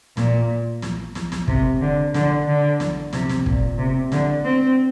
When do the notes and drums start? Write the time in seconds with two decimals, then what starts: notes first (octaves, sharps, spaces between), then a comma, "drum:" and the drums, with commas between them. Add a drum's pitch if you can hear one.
0.17 A#2, drum: snare
0.82 drum: snare
1.15 drum: snare
1.32 drum: snare
1.48 C3, drum: kick
1.81 D3
2.14 D3, drum: snare
2.47 D3
2.80 drum: snare
3.13 C3, drum: snare
3.29 drum: snare
3.46 A#2, drum: kick
3.78 C3
4.12 D3, drum: snare
4.44 C4